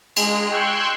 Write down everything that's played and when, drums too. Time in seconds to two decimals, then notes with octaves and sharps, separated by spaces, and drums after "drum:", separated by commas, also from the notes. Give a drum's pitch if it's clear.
0.16 G#3, drum: cymbal
0.51 G5 C6 C#6 E6 F#6 G#6